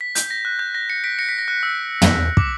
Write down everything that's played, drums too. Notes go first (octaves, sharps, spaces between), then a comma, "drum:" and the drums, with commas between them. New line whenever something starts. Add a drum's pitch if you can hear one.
B6
G6, drum: hi-hat
A#6
F#6
G6
A#6
A#6 C#7
B6 D7
A#6 C#7
B6
A#6
F#6
E6
drum: tom
D6, drum: kick